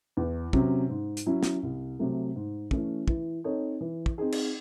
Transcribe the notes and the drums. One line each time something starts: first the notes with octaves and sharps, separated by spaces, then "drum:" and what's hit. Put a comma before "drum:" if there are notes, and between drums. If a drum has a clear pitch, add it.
E2
C3 F#3 C#4, drum: kick
G#2
drum: hi-hat
F#3 C#4 E4
drum: snare
C2
C3 F#3 A3
G#2
E3 A3 C#4, drum: kick
E3, drum: kick
C4 D#4 A4 C#5
E3
drum: kick
C4 D#4 G#4
drum: cymbal